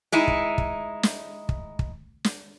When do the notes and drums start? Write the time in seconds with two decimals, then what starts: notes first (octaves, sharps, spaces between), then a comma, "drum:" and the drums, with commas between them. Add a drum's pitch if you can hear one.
0.12 G#3 D#4 E4
0.28 drum: kick
0.58 drum: kick
1.03 drum: snare
1.49 drum: kick
1.79 drum: kick
2.24 drum: snare